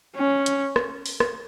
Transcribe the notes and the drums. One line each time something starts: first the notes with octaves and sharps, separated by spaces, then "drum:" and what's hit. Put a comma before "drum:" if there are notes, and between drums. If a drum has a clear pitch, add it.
C#4
drum: hi-hat
drum: rim click
drum: open hi-hat
drum: rim click